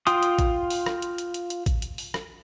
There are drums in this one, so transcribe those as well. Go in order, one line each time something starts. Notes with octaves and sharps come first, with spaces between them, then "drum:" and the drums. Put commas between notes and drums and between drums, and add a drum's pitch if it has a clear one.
F4 G5 C6 D#6, drum: hi-hat
drum: hi-hat
drum: kick, hi-hat
drum: open hi-hat
drum: rim click
drum: hi-hat
drum: hi-hat
drum: hi-hat
drum: hi-hat
drum: kick, hi-hat
drum: hi-hat
drum: open hi-hat
drum: rim click